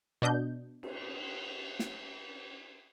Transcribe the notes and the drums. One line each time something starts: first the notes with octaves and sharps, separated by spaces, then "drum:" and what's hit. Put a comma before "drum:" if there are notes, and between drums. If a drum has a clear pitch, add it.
B2 D4 D#5 G6
drum: cymbal
drum: snare